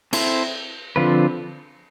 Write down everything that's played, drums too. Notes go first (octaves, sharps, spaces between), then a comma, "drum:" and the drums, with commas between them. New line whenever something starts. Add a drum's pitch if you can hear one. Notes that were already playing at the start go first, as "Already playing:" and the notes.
C4 E4 A4 C5, drum: cymbal
D3 F3 C4 F4 B4